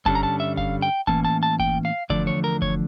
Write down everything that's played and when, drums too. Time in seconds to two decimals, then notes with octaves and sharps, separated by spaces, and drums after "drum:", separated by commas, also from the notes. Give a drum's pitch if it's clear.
0.06 G2 D3 G3 C#4 A5, drum: kick F#1
0.15 A#5
0.23 A5
0.40 E5
0.57 F5, drum: kick F#1
0.82 G5
1.07 A2 E3 A#3 C#4 A5, drum: kick F#1
1.25 A5
1.43 A5
1.60 G5, drum: kick F#1
1.85 F5
2.10 E2 D3 F3 A3 D4 D5, drum: kick F#1
2.27 C#5
2.44 A#4
2.62 C#5, drum: kick F#1